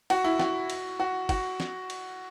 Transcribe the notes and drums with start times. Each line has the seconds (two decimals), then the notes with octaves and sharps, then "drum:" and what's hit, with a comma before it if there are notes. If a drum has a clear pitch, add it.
0.10 F#4, drum: cymbal
0.24 E4
0.39 F#4, drum: snare
0.70 drum: cymbal
1.00 F#4
1.29 F#4, drum: kick, cymbal
1.60 drum: snare
1.90 drum: cymbal